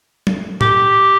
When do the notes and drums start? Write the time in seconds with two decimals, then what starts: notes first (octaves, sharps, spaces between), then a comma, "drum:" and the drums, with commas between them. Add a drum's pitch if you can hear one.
0.27 drum: tom F#3
0.61 G4, drum: tom